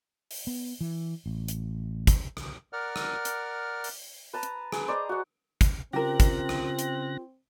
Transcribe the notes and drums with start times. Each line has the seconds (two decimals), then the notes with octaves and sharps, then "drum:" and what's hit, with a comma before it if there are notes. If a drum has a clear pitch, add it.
0.31 drum: open hi-hat
0.47 B3
0.81 E3
1.26 A1
1.48 drum: hi-hat
2.07 drum: kick, hi-hat
2.37 drum: rim click
2.73 A#4 D5 F#5 F6
2.96 drum: rim click
3.25 drum: hi-hat
3.84 drum: open hi-hat
4.33 B4 A5 A#5
4.43 drum: hi-hat
4.72 G#4 B4, drum: rim click
4.88 C5 D5 D#5 A#5
5.09 F#4 F#5
5.61 drum: kick, hi-hat
5.93 C#3 C4 F4 G4 A#4 F#6 A#6
6.20 drum: kick, hi-hat
6.49 drum: rim click
6.79 drum: hi-hat